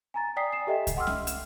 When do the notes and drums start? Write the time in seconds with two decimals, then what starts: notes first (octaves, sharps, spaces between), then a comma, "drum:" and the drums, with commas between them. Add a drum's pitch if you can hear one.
0.14 G#5 A#5 A6
0.36 D5 G5 G#5 D#6 B6 C7
0.52 C7 E7
0.67 G4 A4 D#5 E5 G5
0.87 drum: kick C2, hi-hat
0.97 F#5 C6 D6 E6 F6
1.07 drum: snare C#4
1.27 E7, drum: hi-hat